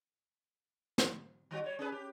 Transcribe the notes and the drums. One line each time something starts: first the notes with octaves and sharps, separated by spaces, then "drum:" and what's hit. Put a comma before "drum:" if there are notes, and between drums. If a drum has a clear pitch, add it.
drum: snare
D#3 G3 F#4
G3 C#5
C#4 G#4 B4
G4